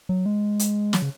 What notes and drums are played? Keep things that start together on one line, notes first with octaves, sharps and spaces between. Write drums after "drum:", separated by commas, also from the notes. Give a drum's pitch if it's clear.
F#3
G#3
drum: hi-hat
F#3, drum: snare
C#3